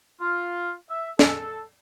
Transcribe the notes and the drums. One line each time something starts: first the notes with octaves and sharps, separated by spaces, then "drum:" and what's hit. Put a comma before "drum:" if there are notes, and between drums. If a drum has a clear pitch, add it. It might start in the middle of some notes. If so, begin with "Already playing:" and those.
F4
E5
A4, drum: snare